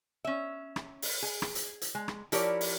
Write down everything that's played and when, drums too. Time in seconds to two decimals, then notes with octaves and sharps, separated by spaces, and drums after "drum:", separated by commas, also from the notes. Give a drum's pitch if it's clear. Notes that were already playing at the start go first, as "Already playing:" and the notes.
0.25 C#4 E5
0.76 drum: rim click
1.02 drum: open hi-hat
1.22 G#4
1.42 drum: rim click
1.55 drum: hi-hat
1.82 drum: hi-hat
1.95 G#3
2.08 drum: rim click
2.32 F3 E4 G4 A#4 C#5 D5, drum: hi-hat
2.61 drum: open hi-hat